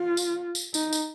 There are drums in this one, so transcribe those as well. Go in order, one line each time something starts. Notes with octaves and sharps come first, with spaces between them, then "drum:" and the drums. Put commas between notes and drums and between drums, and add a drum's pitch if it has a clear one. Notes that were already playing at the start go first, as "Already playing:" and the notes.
Already playing: F4
drum: tambourine
drum: tambourine
D#4, drum: tambourine
drum: tambourine